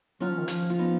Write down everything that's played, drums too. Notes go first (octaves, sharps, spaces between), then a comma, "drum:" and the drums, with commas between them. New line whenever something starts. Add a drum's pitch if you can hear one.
F#3 C#4 F4
F3
D#3
F3, drum: hi-hat
F4
B3 D#4